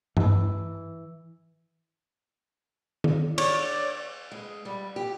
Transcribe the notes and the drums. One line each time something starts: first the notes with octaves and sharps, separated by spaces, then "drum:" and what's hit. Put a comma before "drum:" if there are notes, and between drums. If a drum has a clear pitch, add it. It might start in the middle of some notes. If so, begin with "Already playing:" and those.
E3, drum: tom G2
drum: tom D#3
C#5 D5, drum: cymbal
G#3
G3
G4